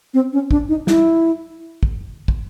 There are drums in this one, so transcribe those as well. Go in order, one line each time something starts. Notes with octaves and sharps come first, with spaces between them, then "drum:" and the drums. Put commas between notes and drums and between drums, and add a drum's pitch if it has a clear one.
C4
C#4
D4, drum: kick
D#4
E4, drum: snare
drum: kick
drum: kick